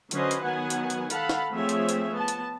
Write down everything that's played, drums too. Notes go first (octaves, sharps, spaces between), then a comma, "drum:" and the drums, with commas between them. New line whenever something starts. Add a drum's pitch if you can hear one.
D3 F#3 C#4 B4 C5 D#5, drum: hi-hat
drum: hi-hat
D#3 F#3 B3 F#5 G#5
drum: hi-hat
drum: hi-hat
A4 F5 F#5 A5 B5, drum: hi-hat
drum: snare
F3 A3 C4 G#4 C#5 E5
drum: hi-hat
drum: hi-hat
B3 A5
drum: hi-hat